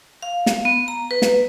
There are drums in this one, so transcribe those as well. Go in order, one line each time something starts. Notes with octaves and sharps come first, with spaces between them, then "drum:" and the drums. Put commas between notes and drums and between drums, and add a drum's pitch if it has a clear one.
F5
drum: snare
B3
A#5
B4
drum: snare